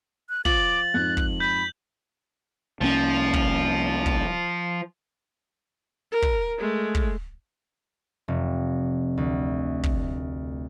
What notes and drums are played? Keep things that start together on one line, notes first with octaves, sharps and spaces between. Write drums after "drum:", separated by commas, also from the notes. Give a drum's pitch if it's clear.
F#6
F3 F4 D6 A6 F#7, drum: kick
F2 G#2 F#6
drum: kick
B5 G6 B6
C2 F3 A#3 C#4
drum: kick
drum: kick
A#4
drum: kick
G#3 A3
drum: kick
F1
D2
drum: kick